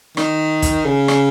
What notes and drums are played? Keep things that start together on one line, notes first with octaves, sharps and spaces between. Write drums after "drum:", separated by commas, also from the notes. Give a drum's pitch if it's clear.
D#3, drum: rim click
drum: kick, hi-hat
C#3
drum: rim click